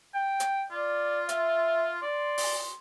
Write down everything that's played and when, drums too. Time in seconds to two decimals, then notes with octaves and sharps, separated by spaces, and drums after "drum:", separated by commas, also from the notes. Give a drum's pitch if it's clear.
0.14 G5
0.40 drum: hi-hat
0.71 F4 D5
1.29 E5, drum: hi-hat
2.02 D5 C6
2.38 drum: open hi-hat